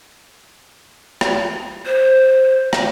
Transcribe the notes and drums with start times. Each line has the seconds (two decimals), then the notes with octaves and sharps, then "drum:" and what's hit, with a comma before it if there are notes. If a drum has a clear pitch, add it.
1.21 drum: rim click
1.86 C5
2.73 drum: rim click